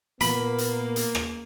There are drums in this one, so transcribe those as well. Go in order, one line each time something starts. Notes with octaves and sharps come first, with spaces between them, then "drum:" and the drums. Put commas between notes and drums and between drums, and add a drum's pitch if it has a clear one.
A#2 A#3 B3 B5, drum: hi-hat
drum: hi-hat
drum: hi-hat
drum: rim click